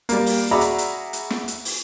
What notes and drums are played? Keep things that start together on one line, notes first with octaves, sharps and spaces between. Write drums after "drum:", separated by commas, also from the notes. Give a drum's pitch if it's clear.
G3 A#3, drum: hi-hat
drum: open hi-hat
F#4 G#4 D5 E5 A#5 B5
drum: hi-hat
drum: hi-hat
drum: hi-hat
drum: snare
drum: hi-hat
drum: open hi-hat